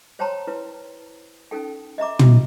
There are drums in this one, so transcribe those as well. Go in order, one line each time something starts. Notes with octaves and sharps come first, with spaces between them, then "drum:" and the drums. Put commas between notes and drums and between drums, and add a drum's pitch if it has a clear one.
C5 C#5 G5 A5 A#5 C6
E4 B4
C#4 D#4 A4 G5
D#5 E5 A#5 D6
drum: tom